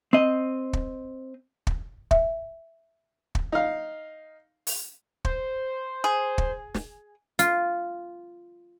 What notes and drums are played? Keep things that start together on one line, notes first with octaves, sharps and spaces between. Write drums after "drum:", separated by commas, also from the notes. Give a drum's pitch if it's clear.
C4 D#5
drum: kick
drum: kick
E5, drum: kick
drum: kick
D#4 F5
drum: open hi-hat
C5, drum: kick
G#4
drum: kick
drum: snare
F4, drum: hi-hat